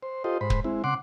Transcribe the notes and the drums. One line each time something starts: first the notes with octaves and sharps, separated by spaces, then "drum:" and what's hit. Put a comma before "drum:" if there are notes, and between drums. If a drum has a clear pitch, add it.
C5
F4 G4 A4 C5 D#5
G#2 C5 B5
drum: kick
G#3 C4 E4
C#3 F#5 C6 D6